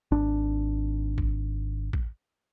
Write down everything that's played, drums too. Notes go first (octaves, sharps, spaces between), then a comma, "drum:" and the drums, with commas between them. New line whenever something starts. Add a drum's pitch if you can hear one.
G#1 D4
drum: kick A1
drum: kick A1